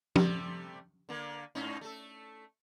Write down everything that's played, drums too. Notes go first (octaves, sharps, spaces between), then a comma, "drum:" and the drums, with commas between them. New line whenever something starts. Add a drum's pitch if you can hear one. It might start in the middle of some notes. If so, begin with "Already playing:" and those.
C3 G3 A3, drum: tom F3
D3 A#3
G#2 C#4 D#4
A3 A4